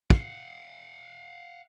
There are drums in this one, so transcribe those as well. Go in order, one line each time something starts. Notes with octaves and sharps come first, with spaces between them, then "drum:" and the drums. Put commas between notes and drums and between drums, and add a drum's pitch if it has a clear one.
F5 F#5, drum: kick